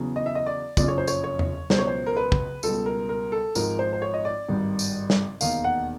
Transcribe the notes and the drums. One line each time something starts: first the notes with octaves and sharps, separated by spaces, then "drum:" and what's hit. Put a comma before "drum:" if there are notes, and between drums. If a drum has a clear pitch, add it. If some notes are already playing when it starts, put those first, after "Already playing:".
Already playing: E2 C#3 F#3
D#5
E5
D#5
D5
F#1 F2 C#3 F3 D5, drum: kick A#1, tambourine
C#5
C5
C#5, drum: tambourine
C#5
drum: tom E2
C#2 B2 F#3 C5, drum: snare
C#5
C5
A#4
B4
drum: kick A#1
C#2 B2 G3 A4, drum: tambourine
A#4
A#4
A4
G#1 G#2 F3 A#4, drum: tambourine
C5
C5
C#5
D#5
D5
G#1 G2 D#3 G3
drum: tambourine
drum: snare
E1 D#2 D#3 F5, drum: tambourine
F#5